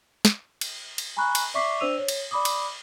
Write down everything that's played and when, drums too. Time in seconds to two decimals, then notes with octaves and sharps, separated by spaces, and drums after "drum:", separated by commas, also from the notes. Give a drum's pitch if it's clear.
0.25 drum: snare
0.61 drum: cymbal
0.98 drum: cymbal
1.17 G#5 A#5 B5 C#6 F#6
1.35 drum: cymbal
1.54 D5 E5 C#6 D6 B6 C7
1.80 D4 C5 D5 E6 D#7 F7
1.98 C#5
2.08 drum: cymbal
2.31 D5 B5 D6 D#6
2.45 drum: cymbal